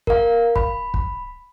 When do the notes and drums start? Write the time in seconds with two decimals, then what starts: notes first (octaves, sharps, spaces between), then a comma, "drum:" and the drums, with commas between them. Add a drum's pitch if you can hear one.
0.07 A#4 F5, drum: kick
0.56 B5, drum: kick
0.94 drum: kick